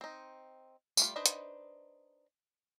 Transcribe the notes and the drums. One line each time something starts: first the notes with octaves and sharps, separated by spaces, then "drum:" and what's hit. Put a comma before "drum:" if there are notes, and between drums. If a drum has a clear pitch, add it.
C4 D#4
G3 A3 F4, drum: tambourine
D4 D#4 B4 C5 D#5
drum: hi-hat